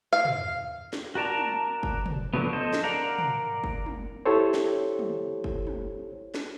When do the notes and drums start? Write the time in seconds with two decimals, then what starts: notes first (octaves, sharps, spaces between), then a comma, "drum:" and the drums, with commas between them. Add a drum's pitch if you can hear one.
0.13 F5
0.25 drum: tom
0.93 drum: snare
1.15 F#4 A#4 D5 A5 A#5
1.38 drum: tom
1.83 drum: kick
2.06 drum: tom
2.33 D3 F3 F#3 B3
2.53 A4 C5 D#5
2.73 drum: snare
2.84 A#4 D5 F5 F#5 A#5
3.18 drum: tom
3.64 drum: kick
3.86 drum: tom
4.26 E4 G4 A4 C5 C#5
4.54 drum: snare
4.99 drum: tom
5.44 drum: kick
5.67 drum: tom
6.34 drum: snare